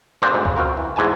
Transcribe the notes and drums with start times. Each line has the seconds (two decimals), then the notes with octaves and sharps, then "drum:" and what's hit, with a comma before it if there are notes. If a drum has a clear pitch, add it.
0.22 G2 A#2 D3 C4 D4 C5
0.34 D2 G#2
0.45 C#3, drum: kick C#2
0.57 C4 F4 F#4 A#4
0.77 E3
0.96 E2 G#2 E3 G#5 A5